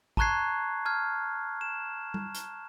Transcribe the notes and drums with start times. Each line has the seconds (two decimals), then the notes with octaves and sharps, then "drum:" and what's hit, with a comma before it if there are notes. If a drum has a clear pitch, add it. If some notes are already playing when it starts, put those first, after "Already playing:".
0.17 A5 A#5 C#6 F#6 G#6 C7, drum: kick
0.85 A5 F6 G#6
1.61 E7
2.14 drum: tom G3
2.35 drum: hi-hat